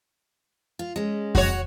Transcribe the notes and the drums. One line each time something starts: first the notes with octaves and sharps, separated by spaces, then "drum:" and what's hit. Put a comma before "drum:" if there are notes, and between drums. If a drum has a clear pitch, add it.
F4
G#3 C#4
F#4 C#5, drum: kick F2